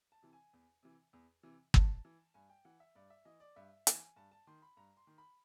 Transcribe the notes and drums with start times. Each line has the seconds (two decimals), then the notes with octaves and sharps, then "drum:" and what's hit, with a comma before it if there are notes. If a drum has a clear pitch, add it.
0.12 A5
0.22 C3 E3
0.33 G#5
0.53 E2
0.83 C3 E3
1.13 E2
1.43 C3 E3
1.74 G2 A5, drum: kick
2.05 E3
2.34 G2 G#5
2.49 G5
2.65 E3 F#5
2.80 E5
2.95 G2 D5
3.10 E5
3.25 E3 D#5
3.40 D5
3.56 G2 E5
3.87 E3 G#5, drum: hi-hat
4.16 G2 A5
4.32 A5
4.47 D#3 C6
4.62 B5
4.77 G2 A#5
4.97 C6
5.07 D#3
5.18 B5